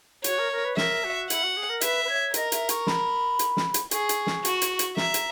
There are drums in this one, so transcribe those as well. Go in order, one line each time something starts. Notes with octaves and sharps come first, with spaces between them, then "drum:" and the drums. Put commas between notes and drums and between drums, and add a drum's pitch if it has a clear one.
F#4 C#5, drum: hi-hat
A#4
A#4
B4
A#4 E5, drum: snare
F#4
E4 F#5, drum: hi-hat
F#4
G#4
A#4
B4 E5, drum: hi-hat
B4
C#5
A#4 D#5, drum: hi-hat
E5, drum: hi-hat
C#6, drum: hi-hat
B5, drum: snare
drum: hi-hat
drum: snare
drum: hi-hat
G#4 C#6, drum: hi-hat
drum: hi-hat
drum: snare
F#4, drum: hi-hat
drum: hi-hat
drum: hi-hat
E5 A#5, drum: snare
drum: hi-hat